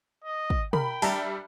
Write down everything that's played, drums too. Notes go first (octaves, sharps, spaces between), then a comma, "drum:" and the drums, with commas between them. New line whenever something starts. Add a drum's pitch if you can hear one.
D#5
drum: kick
A#4 G5 B5, drum: tom
G3 D4 E5 A5 A#5, drum: open hi-hat